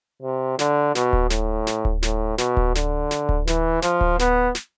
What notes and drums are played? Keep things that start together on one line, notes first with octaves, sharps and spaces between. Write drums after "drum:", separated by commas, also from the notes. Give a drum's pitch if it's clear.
C3
D3, drum: snare
B2, drum: snare
drum: kick D1
A2, drum: snare
drum: snare
drum: kick D1
A2, drum: snare
B2, drum: snare
drum: kick D1
D3, drum: snare
drum: snare
drum: kick D1
E3, drum: snare
F3, drum: snare
drum: kick D1
B3, drum: snare
drum: snare